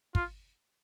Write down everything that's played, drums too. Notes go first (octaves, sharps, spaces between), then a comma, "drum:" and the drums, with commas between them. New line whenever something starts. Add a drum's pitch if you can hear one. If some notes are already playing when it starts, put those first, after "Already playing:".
F4, drum: kick